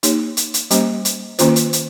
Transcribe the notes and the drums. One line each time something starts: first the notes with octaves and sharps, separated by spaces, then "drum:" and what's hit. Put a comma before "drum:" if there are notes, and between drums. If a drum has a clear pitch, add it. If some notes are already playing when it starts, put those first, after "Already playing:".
A#3 D#4 G4 C#5, drum: hi-hat
drum: hi-hat
drum: hi-hat
G3 A#3 C#4 G4 C5, drum: hi-hat
drum: hi-hat
D#3 A#3 C#4 F4 C5, drum: hi-hat
drum: hi-hat
drum: hi-hat